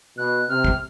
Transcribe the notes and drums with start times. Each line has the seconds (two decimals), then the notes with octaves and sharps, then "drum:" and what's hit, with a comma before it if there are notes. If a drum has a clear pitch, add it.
0.18 B2 F#6
0.49 C3 F6
0.64 drum: kick